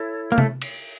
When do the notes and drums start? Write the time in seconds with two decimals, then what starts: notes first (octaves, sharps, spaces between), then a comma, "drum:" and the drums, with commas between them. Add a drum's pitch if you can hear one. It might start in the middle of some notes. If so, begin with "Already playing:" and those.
Already playing: E4 A4 C#5
0.32 A#3
0.38 A3, drum: tom C3
0.62 drum: cymbal